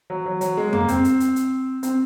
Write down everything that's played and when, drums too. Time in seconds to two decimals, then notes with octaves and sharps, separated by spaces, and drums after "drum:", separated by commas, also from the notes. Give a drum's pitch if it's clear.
0.10 F#3
0.26 F#3
0.41 F#3, drum: hi-hat
0.57 G#3
0.73 A#3, drum: tom
0.88 C4, drum: hi-hat
1.04 drum: hi-hat
1.20 drum: hi-hat
1.36 drum: hi-hat
1.83 C4, drum: hi-hat